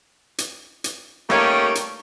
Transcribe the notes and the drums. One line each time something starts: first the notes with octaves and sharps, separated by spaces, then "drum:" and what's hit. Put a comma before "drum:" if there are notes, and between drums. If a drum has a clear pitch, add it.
drum: hi-hat
drum: hi-hat
G3 A3 A#3 C#4 D#4 G4, drum: rim click
drum: hi-hat